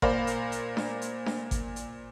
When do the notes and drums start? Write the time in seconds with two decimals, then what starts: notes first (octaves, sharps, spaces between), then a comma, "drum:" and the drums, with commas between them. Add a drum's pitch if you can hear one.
0.02 A#2 A#4 C5 D5 F5 B5, drum: kick
0.27 drum: hi-hat
0.52 drum: hi-hat
0.77 drum: snare D4
1.02 drum: hi-hat
1.26 drum: snare D4
1.51 drum: kick, hi-hat
1.76 drum: hi-hat